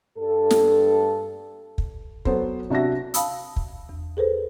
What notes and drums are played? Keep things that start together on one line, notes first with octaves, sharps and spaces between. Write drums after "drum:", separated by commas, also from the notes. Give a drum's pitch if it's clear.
G2 A4
drum: snare
drum: kick
F#3 B3 A4 C5, drum: kick
C3 D4 F#4 E5 A#6
F5 A5 B5 D#6 E6, drum: hi-hat
drum: kick
E2
G#4 A4 B4 C5